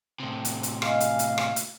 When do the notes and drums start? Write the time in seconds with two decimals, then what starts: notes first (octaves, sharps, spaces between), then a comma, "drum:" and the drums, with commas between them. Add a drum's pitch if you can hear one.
0.20 A2 C3
0.45 drum: hi-hat
0.63 drum: hi-hat
0.82 D#5 F5 G#5, drum: rim click
1.00 drum: hi-hat
1.19 drum: hi-hat
1.38 drum: rim click
1.56 drum: hi-hat